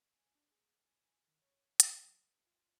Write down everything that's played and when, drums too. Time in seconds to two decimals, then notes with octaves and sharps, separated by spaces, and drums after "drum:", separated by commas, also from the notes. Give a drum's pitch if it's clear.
0.13 G#5
0.35 D4
0.52 G#4
0.87 G#5
1.28 D#3
1.42 C#5
1.80 C4, drum: hi-hat
2.03 F#3
2.23 B6
2.47 F4